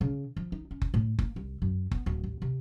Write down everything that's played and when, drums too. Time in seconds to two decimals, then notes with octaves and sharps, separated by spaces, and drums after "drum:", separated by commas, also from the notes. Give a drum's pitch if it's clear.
0.01 C#3
0.37 F3
0.52 D#4
0.71 C#4
0.82 drum: kick F#1
0.94 A2
1.19 A#3, drum: kick F#1
1.36 C2
1.62 F#2
1.91 B3, drum: kick F#1
2.06 D1
2.24 A1
2.42 C3